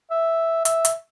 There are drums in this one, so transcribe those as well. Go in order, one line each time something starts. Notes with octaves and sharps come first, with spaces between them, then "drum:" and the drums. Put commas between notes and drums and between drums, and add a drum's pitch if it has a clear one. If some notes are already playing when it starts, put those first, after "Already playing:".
E5
E5, drum: hi-hat
drum: hi-hat